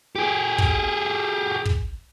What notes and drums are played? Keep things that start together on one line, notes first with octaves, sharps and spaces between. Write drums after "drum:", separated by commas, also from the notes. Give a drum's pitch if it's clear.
G4 G#4
drum: kick
drum: kick